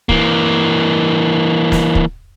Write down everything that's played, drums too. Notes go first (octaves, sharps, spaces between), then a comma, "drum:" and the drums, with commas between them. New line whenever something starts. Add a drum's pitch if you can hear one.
E3 A#3, drum: kick
drum: snare
drum: kick